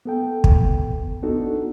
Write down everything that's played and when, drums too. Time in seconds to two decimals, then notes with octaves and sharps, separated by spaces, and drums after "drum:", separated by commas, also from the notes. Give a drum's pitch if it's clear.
0.05 B3 A4 G5
0.44 drum: kick
1.23 B3 D4 D#4 F#4 A4